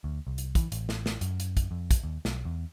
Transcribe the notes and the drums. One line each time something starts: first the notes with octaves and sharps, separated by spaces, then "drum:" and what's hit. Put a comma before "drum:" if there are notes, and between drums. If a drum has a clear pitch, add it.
D2
C2
drum: hi-hat
E3, drum: kick, hi-hat
A1, drum: hi-hat
drum: snare
drum: snare
F#2, drum: hi-hat
drum: hi-hat
drum: kick, hi-hat
F2
drum: kick, hi-hat
D#2
B1, drum: snare
E2